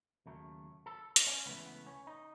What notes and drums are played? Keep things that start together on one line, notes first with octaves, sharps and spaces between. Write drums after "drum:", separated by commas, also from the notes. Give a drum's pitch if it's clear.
D#2 C#3 F#3 A3
A4
drum: hi-hat
C#4
C#2 C#3 E3 A3 B3
B3
C#4
D#4